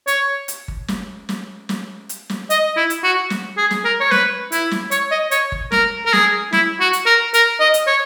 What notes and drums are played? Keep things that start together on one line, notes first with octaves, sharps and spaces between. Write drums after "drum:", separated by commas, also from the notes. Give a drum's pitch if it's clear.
C#5, drum: hi-hat
drum: hi-hat
drum: kick G1
drum: snare
drum: snare
drum: snare
drum: hi-hat
drum: snare
D#5, drum: hi-hat
E4
drum: hi-hat
F#4
drum: snare
G#4
drum: snare
A#4
C#5
B4, drum: snare
E4, drum: hi-hat
drum: snare
C#5, drum: hi-hat
D#5
C#5, drum: hi-hat
drum: kick G1
A#4, drum: snare
A#4
G#4, drum: snare
E4, drum: snare
F#4
drum: hi-hat
A#4
A#4, drum: hi-hat
D#5
drum: hi-hat
C#5